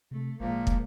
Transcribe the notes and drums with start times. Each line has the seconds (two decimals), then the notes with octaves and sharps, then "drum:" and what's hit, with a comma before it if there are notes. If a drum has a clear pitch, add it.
0.11 C3 A3
0.40 G#1 A#2 F3 G#3 A#3
0.67 drum: kick